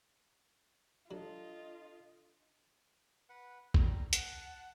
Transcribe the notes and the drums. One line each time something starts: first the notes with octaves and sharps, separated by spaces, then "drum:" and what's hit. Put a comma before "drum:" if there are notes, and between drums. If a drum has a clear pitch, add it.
F#3 D4 F4 A4 D#5
B4 F#5
G3 A#5, drum: kick A1
F#5 A5, drum: hi-hat